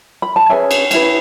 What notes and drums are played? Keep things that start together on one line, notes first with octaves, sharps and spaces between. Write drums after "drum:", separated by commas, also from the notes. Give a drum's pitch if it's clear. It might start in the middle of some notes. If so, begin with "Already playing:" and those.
B5
A5
C#4 G#4 B4 E5 G#5
drum: cymbal
C#4 E4 B4, drum: cymbal